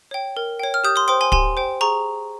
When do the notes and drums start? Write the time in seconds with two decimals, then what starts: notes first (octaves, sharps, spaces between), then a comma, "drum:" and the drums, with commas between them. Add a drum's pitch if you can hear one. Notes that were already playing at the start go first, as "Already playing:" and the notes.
0.11 C#5 G5
0.37 A#4
0.60 C#5 G5
0.74 F6
0.84 G4 D#6 G6
0.96 C6 D#6
1.08 C5 G5 C6 D#6
1.21 G#5 C6
1.32 G4 G#5 C6, drum: kick
1.57 C5 G5
1.81 G#4 A#5 C#6